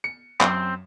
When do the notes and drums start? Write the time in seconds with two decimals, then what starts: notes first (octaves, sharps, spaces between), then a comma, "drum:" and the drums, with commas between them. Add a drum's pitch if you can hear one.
0.04 C#7
0.41 F#2 C4, drum: clap